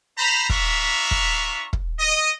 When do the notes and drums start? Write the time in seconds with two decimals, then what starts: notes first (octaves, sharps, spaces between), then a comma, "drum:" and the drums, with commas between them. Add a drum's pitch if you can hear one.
0.18 C5 A#5 B5
0.49 D4 F4 E5 A#5 B5 C#6, drum: kick
1.11 drum: kick
1.73 drum: kick
1.99 D#5